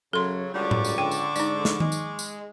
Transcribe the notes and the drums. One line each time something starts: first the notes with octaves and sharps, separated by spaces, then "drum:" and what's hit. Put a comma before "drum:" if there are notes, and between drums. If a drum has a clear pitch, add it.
F#2 C#3 F#3 A4 C6
C#2 D3 F#3 G3 C#6 D6
drum: tom A2
drum: tambourine
D3 G5
drum: tambourine
G#2 D#4 D5, drum: tambourine
drum: snare
G#3, drum: tom D#3
drum: tambourine
drum: tambourine